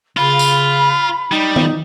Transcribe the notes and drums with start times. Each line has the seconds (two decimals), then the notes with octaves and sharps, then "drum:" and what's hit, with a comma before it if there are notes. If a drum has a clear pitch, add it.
0.17 C#3 F4 B5
0.39 drum: tambourine
1.32 G3 D#4
1.56 drum: tom